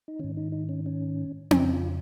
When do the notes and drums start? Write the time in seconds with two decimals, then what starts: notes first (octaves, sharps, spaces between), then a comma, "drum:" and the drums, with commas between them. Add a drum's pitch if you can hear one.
0.08 D#4
0.19 G#2 D#3 C#4
0.37 D#4
0.52 D#4
0.69 C#4
0.86 C#4
1.51 F2 C#3 C#4, drum: tom C4
1.73 F4